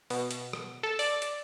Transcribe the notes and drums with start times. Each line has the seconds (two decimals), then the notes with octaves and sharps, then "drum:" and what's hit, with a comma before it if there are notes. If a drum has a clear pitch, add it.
0.10 B2, drum: open hi-hat
0.31 drum: hi-hat
0.53 drum: rim click
0.83 A4
0.99 D5, drum: open hi-hat
1.22 drum: hi-hat